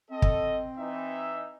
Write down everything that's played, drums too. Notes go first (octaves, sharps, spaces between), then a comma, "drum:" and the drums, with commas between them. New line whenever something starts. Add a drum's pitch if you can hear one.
C4 A4 D#5
drum: kick
E3 D#4 E5